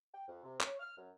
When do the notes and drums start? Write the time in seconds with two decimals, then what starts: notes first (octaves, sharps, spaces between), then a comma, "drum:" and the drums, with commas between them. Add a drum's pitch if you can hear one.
0.14 G5
0.27 F2
0.43 C3
0.61 C#5, drum: clap
0.80 F6
0.96 F#2